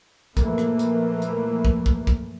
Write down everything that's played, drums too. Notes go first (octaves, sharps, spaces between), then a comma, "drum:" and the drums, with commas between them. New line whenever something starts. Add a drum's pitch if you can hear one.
A#2 E3 F3 A3 A#3, drum: kick, hi-hat
drum: rim click
drum: hi-hat
drum: hi-hat
drum: kick
drum: kick
drum: kick, hi-hat